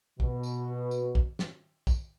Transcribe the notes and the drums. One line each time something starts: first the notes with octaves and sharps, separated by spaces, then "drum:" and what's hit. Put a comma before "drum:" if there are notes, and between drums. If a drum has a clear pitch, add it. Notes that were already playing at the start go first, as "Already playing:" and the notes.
B2, drum: kick
drum: tambourine
drum: tambourine
drum: kick
drum: snare
drum: kick, tambourine